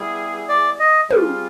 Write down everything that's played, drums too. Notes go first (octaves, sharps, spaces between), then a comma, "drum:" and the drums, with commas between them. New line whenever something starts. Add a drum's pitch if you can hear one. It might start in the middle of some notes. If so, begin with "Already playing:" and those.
Already playing: G3 B3 E4 G#4
D5
D#5
G3 C4 F4 G#4, drum: tom